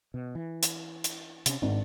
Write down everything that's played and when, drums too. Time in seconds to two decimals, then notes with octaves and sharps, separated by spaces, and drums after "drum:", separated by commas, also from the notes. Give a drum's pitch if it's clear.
0.14 B2
0.35 E3
0.63 drum: hi-hat
1.04 drum: hi-hat
1.46 C3 C#4, drum: hi-hat
1.62 G#1 G#2 D4